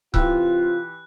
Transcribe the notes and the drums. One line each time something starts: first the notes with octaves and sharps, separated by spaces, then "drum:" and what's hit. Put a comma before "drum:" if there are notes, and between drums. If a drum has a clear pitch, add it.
C3 E3 F4 G4 E6 F#6, drum: kick C#1